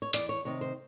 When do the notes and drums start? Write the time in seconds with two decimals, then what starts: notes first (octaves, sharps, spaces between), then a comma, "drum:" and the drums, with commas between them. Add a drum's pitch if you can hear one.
0.02 C#5
0.13 E2 D5, drum: hi-hat
0.29 C#5
0.45 C3 D#3 C#5
0.61 C5